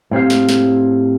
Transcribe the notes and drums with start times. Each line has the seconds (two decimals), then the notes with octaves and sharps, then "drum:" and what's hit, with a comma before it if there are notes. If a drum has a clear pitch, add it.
0.11 A2 C4 G4 F5
0.30 drum: snare
0.49 drum: snare